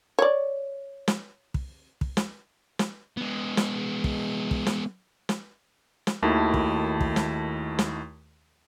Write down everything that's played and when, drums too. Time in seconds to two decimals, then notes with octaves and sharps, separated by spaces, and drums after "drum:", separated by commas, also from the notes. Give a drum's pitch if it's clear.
0.19 C#5 D5
1.08 drum: snare
1.54 drum: kick
2.01 drum: kick
2.17 drum: snare
2.79 drum: snare
3.17 G#3 B3
3.57 drum: snare
4.04 drum: kick
4.51 drum: kick
4.66 drum: snare
5.29 drum: snare
6.07 drum: snare
6.23 D#2 D#3 A3 E4 F#4 A5
6.54 drum: kick
7.01 drum: kick
7.16 drum: snare
7.79 drum: snare